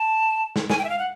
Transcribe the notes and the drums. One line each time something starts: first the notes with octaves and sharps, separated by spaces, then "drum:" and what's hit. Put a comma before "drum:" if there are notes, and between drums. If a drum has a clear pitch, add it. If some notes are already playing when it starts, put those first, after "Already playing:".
Already playing: A5
drum: snare
G#5, drum: snare
G5
E5
F5
F#5